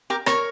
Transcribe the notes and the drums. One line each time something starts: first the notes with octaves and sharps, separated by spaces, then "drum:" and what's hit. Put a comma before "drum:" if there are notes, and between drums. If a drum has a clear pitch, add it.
G4 A#4
A#4 C#5, drum: rim click